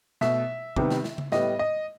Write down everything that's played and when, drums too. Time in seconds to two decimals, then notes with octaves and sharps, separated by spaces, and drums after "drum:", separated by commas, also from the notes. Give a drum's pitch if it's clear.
0.21 B2 A3 E5, drum: snare
0.76 C3 D#3 G3 B3, drum: kick
0.90 drum: snare
1.04 drum: snare
1.18 drum: tom C#3
1.32 A2 G3 B3 D#5, drum: snare
1.59 D#5